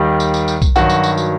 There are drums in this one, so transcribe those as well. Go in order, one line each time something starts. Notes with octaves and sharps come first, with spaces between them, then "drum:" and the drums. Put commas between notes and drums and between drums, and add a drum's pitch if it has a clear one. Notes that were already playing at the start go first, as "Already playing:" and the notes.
Already playing: D#2 D#3 G3
drum: tambourine
drum: tambourine
drum: tambourine
drum: kick B1, tambourine
G2 D#3 F#3 F#4, drum: tambourine
drum: tambourine
drum: tambourine
drum: tambourine